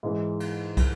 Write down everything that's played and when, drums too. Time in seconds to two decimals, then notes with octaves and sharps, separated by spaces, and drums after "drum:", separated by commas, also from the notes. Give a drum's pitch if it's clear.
0.03 G#2 E3 G#3
0.40 drum: cymbal
0.77 drum: kick, cymbal